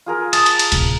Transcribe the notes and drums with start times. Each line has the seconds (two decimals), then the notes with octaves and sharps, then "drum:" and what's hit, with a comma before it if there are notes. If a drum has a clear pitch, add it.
0.06 F4 G#4 A#4
0.33 A5 D#6, drum: cymbal
0.46 drum: cymbal
0.59 drum: cymbal
0.72 D1 C3, drum: cymbal